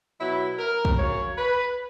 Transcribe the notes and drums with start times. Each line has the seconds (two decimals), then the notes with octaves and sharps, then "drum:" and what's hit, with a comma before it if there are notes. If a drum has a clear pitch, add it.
0.19 B2 F#3 E4
0.59 A#4
0.85 drum: kick
0.98 F#2 C#3 F#3 C#5
1.37 B4